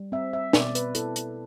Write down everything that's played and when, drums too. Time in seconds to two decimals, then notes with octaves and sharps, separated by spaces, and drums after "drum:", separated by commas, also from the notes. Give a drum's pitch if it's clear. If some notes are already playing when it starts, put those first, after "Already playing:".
Already playing: G3
0.12 C4 E5
0.33 E5
0.53 B2 D5, drum: snare
0.75 B4, drum: hi-hat
0.95 E4 A4, drum: hi-hat
1.16 drum: hi-hat